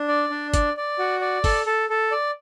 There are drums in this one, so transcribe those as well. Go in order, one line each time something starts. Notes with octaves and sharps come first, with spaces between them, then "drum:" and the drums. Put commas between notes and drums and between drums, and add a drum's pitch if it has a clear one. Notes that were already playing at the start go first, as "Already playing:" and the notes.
Already playing: D4
D5
D4
D5, drum: kick F#1, hi-hat
D5
F#4
D5
A4, drum: kick F#1, open hi-hat
A4
A4
D5